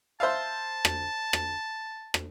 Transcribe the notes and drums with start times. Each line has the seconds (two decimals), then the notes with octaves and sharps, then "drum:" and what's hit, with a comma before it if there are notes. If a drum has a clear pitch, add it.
0.20 C5 E5 F5 A5
0.85 drum: rim click
1.33 drum: rim click
2.14 drum: rim click